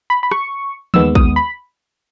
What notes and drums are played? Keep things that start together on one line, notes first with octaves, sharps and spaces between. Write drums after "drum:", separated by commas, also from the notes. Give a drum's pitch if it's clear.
B5
B5
C#6, drum: rim click
D#2 D#3 G#3 B3 E6, drum: tom E3
D#6, drum: kick
B5